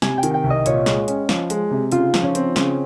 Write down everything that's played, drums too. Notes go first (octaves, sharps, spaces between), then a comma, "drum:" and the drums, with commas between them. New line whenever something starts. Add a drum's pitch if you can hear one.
C3 G#5, drum: snare
G5
D#3, drum: hi-hat
G5
C2
D#5
A#2 C#5, drum: hi-hat
G#3, drum: snare
C#4, drum: hi-hat
F3, drum: snare
G#3, drum: hi-hat
C3
C#3 F4, drum: hi-hat
F3, drum: snare
C#4
C4, drum: hi-hat
C#3 C#4, drum: snare